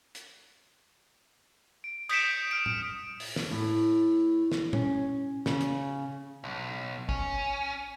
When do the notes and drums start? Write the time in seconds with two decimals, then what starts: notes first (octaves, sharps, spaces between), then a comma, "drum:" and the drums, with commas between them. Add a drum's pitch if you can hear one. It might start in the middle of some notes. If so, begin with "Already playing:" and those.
0.15 drum: hi-hat
1.84 D7
2.09 D#6 G6 B6 C#7 D7 E7, drum: cymbal
2.51 F6 D7
2.66 drum: tom A2
3.20 drum: open hi-hat
3.36 drum: snare
3.51 A2
4.52 drum: snare
4.73 C#4, drum: tom
5.46 C#3, drum: snare
5.61 drum: hi-hat
6.44 B1
7.09 C#4, drum: kick